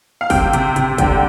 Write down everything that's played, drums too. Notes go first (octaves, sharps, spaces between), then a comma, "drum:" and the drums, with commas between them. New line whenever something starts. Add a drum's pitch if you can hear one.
F5
C3 G5, drum: kick, open hi-hat
C3, drum: hi-hat
C3, drum: hi-hat
D3 G5, drum: kick, hi-hat